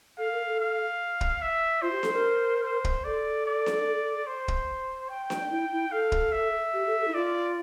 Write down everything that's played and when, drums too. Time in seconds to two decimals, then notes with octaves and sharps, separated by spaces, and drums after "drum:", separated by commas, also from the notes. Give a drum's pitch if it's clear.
0.18 A4 F5
0.32 A#4
0.46 A4
0.60 F5
1.21 drum: kick
1.42 E5
1.82 F4 C5
1.92 G4
2.03 A4, drum: snare D4
2.12 A#4
2.64 C5
2.84 drum: kick
3.04 A4 D5
3.46 D5
3.66 drum: snare D4
4.27 C5
4.48 drum: kick
5.09 G5
5.30 drum: snare D4
5.51 E4
5.71 E4
5.92 A4 F5
6.12 drum: kick
6.32 E5
6.74 G4
6.87 A4
7.01 A4
7.08 E4
7.14 F4 D5